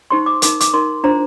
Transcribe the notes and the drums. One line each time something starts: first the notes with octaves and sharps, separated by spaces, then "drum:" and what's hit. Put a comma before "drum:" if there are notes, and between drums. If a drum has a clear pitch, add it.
D#4 G4 C5 C6
D6
D#4 A#4 D6, drum: hi-hat
D6, drum: hi-hat
D#4 A#4 C6
D4 F4 C5 A#5